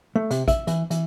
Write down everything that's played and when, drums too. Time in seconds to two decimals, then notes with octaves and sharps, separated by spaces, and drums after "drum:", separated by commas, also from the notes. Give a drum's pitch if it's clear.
0.16 A3
0.31 C3, drum: hi-hat
0.48 E5, drum: kick A#1, hi-hat
0.67 E3, drum: hi-hat
0.90 E3, drum: hi-hat